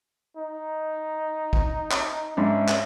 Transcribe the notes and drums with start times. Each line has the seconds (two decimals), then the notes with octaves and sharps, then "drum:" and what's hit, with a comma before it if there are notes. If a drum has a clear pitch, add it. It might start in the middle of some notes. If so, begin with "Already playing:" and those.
0.37 D#4
1.53 drum: kick
1.91 drum: clap
2.37 G#2 C#4 D4 E5
2.68 drum: clap